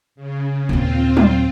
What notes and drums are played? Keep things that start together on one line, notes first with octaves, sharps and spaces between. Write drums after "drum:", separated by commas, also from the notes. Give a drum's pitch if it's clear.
C#3
D#2 A#2 C4 F4
drum: tom F#3